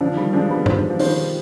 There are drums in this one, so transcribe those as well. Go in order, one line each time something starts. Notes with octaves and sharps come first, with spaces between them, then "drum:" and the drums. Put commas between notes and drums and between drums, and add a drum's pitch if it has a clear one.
D3 F3 D4
D#3 G3
F3 G#3 D4
G3 B3
D#3 C5, drum: tom G2
F3
D#3 C5, drum: open hi-hat